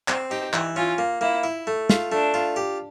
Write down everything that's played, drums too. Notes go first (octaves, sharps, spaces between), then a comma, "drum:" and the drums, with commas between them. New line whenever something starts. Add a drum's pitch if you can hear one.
C4, drum: clap
D#4 G4
E3, drum: clap
C#4 F4
A#3
A#3 E4
E4
A3
F4, drum: snare
A3 D4
F4
G4